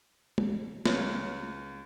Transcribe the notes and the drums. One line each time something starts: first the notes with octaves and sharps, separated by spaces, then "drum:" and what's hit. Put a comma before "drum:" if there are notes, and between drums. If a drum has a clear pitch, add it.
drum: tom
C#2 G3 B4 C#5, drum: snare